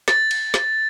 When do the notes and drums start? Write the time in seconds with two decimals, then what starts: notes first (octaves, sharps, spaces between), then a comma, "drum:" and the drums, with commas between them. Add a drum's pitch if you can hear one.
0.08 A6, drum: snare
0.31 drum: cymbal
0.54 drum: snare